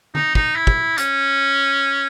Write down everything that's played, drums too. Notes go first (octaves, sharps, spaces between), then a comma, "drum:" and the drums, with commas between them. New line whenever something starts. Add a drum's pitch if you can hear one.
D#4, drum: tom D3
D#4, drum: kick
E4
drum: kick
C#4, drum: hi-hat